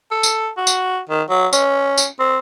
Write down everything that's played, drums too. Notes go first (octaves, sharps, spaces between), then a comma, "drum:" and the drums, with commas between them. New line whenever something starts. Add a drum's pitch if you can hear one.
A4
drum: tambourine
F#4
drum: tambourine
D#3
F#3
C#4, drum: tambourine
drum: tambourine
C4